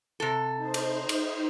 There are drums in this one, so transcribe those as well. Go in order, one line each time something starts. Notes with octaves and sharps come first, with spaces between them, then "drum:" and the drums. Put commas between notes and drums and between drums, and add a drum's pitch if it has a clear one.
C3 A4
D#4 C5
drum: cymbal
drum: cymbal